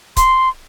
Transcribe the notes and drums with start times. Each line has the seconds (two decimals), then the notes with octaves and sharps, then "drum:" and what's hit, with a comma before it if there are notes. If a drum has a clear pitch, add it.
0.17 C6, drum: kick C#1, hi-hat